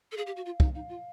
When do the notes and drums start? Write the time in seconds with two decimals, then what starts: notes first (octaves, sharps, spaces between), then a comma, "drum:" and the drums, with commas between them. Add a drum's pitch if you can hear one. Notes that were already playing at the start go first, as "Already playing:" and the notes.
0.12 A4
0.17 G#4 F5
0.27 G4
0.37 F#4
0.46 F4
0.60 D#4, drum: kick
0.75 D#4 F5
0.89 F4